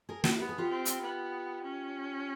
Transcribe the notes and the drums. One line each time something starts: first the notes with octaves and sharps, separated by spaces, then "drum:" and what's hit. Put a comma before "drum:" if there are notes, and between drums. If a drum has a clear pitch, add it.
G#4 A#4
E4 F#4, drum: snare
B3 G4
G#4
F4 G4
C4
drum: hi-hat
B3
C#4